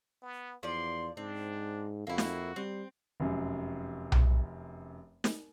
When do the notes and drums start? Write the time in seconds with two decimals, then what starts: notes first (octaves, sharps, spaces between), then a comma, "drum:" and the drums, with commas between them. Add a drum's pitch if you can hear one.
0.22 B3
0.63 E2 F3 D5 C6
1.17 G#2 C4 D4
2.07 F2 A#3 E4 F#4
2.18 drum: snare
2.56 G3 C4
3.20 F1 F#2
4.12 drum: tom B1
5.24 drum: snare